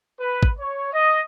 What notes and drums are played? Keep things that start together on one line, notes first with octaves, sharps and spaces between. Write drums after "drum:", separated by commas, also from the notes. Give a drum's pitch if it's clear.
B4
drum: kick
C#5
D#5